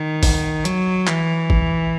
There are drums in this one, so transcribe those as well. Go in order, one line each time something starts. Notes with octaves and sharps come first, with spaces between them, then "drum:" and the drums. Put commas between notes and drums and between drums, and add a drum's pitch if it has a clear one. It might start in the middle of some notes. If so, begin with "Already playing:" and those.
Already playing: D#3
drum: kick, open hi-hat
F#3, drum: hi-hat
E3, drum: clap
drum: kick